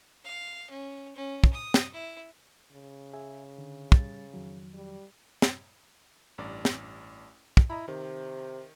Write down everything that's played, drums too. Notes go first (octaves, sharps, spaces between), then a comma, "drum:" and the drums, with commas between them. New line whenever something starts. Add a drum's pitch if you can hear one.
F5
C#4
C#4
drum: kick
D#6
drum: snare
E4
C#3
G#4 E5 G#5
D3
G3 A6, drum: kick
F2 D#3 F#3
G3
drum: snare
A1 G2 D5
drum: snare
drum: kick
E4 D#5 A#5 B5
C3 D#3